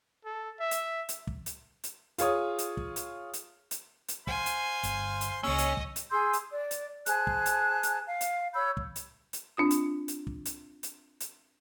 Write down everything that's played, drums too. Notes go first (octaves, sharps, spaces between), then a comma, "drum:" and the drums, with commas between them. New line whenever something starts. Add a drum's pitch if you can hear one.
A4
E5
drum: hi-hat
drum: hi-hat
drum: kick
drum: hi-hat
drum: hi-hat
F4 G#4 C#5 D#6, drum: hi-hat
drum: hi-hat
drum: kick
drum: hi-hat
drum: hi-hat
drum: hi-hat
drum: hi-hat
C5 F5 G#5 C6, drum: kick
drum: hi-hat
G1, drum: hi-hat
drum: hi-hat
C#2 A#3 C#4 G#4 C#5 D#5 E6
drum: hi-hat
drum: kick
drum: hi-hat
G#4 C6 E6 G6
drum: hi-hat
D5
drum: hi-hat
G#4 C5 A5 F#6, drum: hi-hat
drum: kick
drum: hi-hat
drum: hi-hat
F5
drum: hi-hat
C#5 B5 E6 G6
drum: kick
drum: hi-hat
drum: hi-hat
C4 D4 F4 D#6
drum: hi-hat
drum: hi-hat
drum: kick
drum: hi-hat
drum: hi-hat
drum: hi-hat